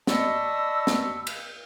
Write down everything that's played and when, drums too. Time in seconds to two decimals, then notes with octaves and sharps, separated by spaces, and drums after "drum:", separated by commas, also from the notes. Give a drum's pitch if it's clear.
0.07 D5 D#5 A5 B5 C#6 E6, drum: snare
0.87 drum: snare
1.27 drum: cymbal